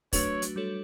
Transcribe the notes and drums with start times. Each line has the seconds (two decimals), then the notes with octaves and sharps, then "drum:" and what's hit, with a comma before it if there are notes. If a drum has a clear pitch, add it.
0.13 F#3 A3 D4 F#4 B4 C#5, drum: kick, open hi-hat
0.42 drum: hi-hat
0.56 G3 D4 F#4 A4 C#5